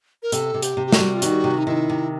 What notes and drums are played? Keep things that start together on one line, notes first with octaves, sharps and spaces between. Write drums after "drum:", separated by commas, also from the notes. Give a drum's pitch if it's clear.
A#4
C3 A4, drum: hi-hat
C3
G4, drum: hi-hat
C3
G4
F#4, drum: snare
G3
F4
D#3 F#4, drum: hi-hat
C3
D#4
D#3 E4
C3